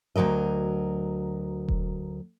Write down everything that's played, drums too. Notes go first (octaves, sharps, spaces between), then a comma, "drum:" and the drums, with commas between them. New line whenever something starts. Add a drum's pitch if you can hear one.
D2 C#3 F#3 A#4 D#5
drum: kick E1